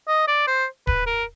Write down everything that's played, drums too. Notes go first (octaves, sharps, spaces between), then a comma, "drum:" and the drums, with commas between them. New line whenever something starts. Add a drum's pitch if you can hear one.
D#5
D5
C5
B4, drum: kick D1
A#4